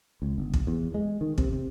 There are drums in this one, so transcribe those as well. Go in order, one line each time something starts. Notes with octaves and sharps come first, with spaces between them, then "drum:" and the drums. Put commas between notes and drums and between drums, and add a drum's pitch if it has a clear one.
C#2
G1
drum: kick
E2
G#3
D#3
C3, drum: kick
C3